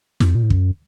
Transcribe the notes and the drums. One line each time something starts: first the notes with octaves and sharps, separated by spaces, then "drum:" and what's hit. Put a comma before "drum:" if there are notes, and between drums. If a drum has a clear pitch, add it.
F2, drum: snare
A#2
A2
F#2, drum: kick